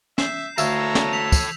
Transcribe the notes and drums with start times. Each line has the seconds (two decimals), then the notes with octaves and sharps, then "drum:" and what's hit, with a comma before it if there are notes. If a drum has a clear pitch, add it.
0.18 E5 G6 C7 E7, drum: snare
0.58 D2 A4 C#5 E5 F5 A#5, drum: tambourine
0.95 drum: snare
1.13 E6 B6 F7
1.32 drum: kick, tambourine